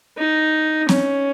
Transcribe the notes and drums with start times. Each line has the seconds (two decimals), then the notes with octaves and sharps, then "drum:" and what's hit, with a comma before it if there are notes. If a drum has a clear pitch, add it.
0.18 D#4
0.89 C#4, drum: snare C4